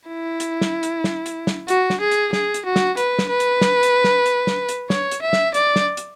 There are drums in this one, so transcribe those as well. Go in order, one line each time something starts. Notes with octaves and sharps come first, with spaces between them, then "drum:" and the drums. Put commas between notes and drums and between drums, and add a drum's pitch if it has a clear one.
E4
drum: hi-hat
drum: snare
drum: hi-hat
drum: snare
drum: hi-hat
drum: snare
F#4, drum: hi-hat
drum: snare
G#4
drum: hi-hat
G#4, drum: snare
drum: hi-hat
F#4
drum: snare
B4, drum: hi-hat
drum: snare
B4
drum: hi-hat
drum: snare
drum: hi-hat
drum: snare
drum: hi-hat
drum: snare
drum: hi-hat
C#5, drum: snare
drum: hi-hat
E5
drum: snare
D5, drum: hi-hat
drum: snare
drum: hi-hat